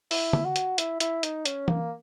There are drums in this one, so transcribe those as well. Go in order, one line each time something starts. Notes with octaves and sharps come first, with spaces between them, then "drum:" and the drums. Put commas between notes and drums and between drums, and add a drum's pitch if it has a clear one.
E4, drum: open hi-hat
drum: tom
F#4
drum: hi-hat
E4, drum: hi-hat
E4, drum: hi-hat
D#4, drum: hi-hat
C#4, drum: hi-hat
A#3, drum: tom E3